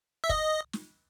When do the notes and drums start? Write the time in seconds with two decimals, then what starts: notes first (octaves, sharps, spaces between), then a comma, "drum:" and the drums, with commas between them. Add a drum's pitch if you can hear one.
0.24 E5
0.30 D#5, drum: kick
0.73 drum: snare